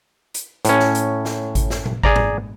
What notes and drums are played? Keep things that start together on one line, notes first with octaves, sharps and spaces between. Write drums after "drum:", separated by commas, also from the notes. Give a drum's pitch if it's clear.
drum: hi-hat
A2 C#4, drum: hi-hat
drum: snare
drum: hi-hat
drum: snare
drum: kick G#1, hi-hat
drum: snare
drum: tom A#2
G#4 D5 A#5, drum: kick G#1
drum: tom G#2